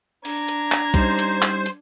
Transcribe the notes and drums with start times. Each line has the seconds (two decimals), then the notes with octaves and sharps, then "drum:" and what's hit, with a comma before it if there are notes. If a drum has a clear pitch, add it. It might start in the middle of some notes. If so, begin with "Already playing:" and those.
0.25 D4 A#5 G#6, drum: open hi-hat
0.48 drum: hi-hat
0.72 drum: clap
0.94 G3 C#4 D#4 C5, drum: kick B1, hi-hat
1.19 drum: hi-hat
1.42 drum: clap
1.66 drum: hi-hat